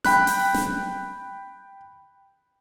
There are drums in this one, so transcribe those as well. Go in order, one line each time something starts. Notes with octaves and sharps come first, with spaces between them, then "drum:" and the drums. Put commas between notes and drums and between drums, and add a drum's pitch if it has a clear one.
G5 B5 F#6, drum: snare
drum: open hi-hat
drum: snare